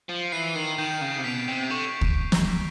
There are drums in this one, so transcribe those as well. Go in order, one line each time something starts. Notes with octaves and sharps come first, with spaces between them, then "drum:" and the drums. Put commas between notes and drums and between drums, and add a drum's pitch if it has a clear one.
F3
E3 C7 D#7
D#3
D#3 G6
C#3
C3
B2 B6 D7 F7
C3
D3 C#6
drum: kick
drum: snare